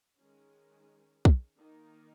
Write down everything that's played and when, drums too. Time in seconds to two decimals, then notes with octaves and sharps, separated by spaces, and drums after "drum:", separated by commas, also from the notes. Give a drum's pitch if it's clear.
0.18 D#3 G#3 C#4
1.25 drum: kick
1.57 D#3 A#3 D#4 A#4